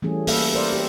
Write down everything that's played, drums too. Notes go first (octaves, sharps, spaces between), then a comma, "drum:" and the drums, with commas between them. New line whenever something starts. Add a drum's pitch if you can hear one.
E3 G3 A3 C#4 G#4
A#3 G4 A4 B4 E5 F5, drum: open hi-hat
A#4 C5 D5
G4